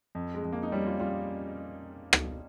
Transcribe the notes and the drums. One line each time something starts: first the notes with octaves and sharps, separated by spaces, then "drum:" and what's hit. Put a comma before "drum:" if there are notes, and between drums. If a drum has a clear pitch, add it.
F2
G#3
F2
A#3
D#4
G3 C#4
F4
G3 F4
drum: rim click